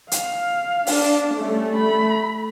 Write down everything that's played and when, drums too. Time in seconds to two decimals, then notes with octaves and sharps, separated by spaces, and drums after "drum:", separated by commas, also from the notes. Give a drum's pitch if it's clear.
0.12 F5, drum: hi-hat
0.87 D4, drum: open hi-hat
1.38 G3 A3 C#4
1.76 B5